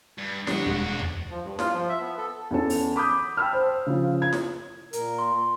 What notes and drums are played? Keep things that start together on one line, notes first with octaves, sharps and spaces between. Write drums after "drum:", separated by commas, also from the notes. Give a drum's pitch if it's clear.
G2
D3 G3 D4 F#4, drum: snare
E1 G#3
drum: tom D#2
F3
G2
F4, drum: snare
F3
E5
B3
A4
E2 C#4 A4
drum: open hi-hat
B5 D6 D#6 G6
G5 A5 B5 E6 F6
C5
C#3 F3
G#6
drum: snare
A#2 A#4, drum: hi-hat
C6